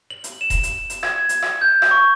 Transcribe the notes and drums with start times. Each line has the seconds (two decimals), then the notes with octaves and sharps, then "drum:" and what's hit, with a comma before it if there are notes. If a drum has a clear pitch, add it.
0.10 F#7
0.24 drum: hi-hat
0.41 E7
0.50 drum: kick D#1, hi-hat
0.63 drum: hi-hat
0.90 drum: hi-hat
1.03 G#6, drum: rim click
1.29 drum: hi-hat
1.42 drum: rim click
1.61 G6
1.82 drum: rim click
1.91 C#6